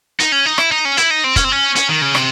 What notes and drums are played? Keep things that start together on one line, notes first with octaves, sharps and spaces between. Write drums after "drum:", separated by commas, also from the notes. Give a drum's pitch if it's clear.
D#4, drum: hi-hat
C#4
D#4
E4, drum: rim click
D#4
C#4
E4, drum: hi-hat
D#4
C4
C#4, drum: kick, hi-hat
C4
C#4
C#4, drum: hi-hat
D#3
C#3
C3, drum: rim click